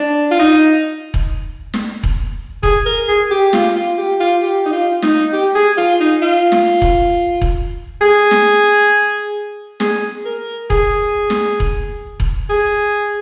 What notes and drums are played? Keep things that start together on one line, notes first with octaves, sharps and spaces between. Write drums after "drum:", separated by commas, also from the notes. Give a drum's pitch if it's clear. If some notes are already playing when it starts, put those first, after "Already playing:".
Already playing: D4
F4
D#4
drum: kick E1
drum: snare
drum: kick E1
G#4, drum: kick E1
A#4
G#4
G4
F4, drum: snare
F4
G4
F4
G4
D#4
F4
D#4, drum: snare
G4
G#4
F4
D#4
F4
drum: snare
drum: kick E1
drum: kick E1
G#4
drum: snare
G#4, drum: snare
A#4
G#4, drum: kick E1
drum: snare
drum: kick E1
drum: kick E1
G#4